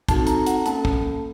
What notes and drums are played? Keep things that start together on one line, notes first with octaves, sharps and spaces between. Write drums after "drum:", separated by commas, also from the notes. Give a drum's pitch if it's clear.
C4 D#4 F#4 A4 A5, drum: kick, hi-hat
A#5, drum: hi-hat
F#5, drum: hi-hat
A#3 C#4 A4 A5, drum: hi-hat
drum: kick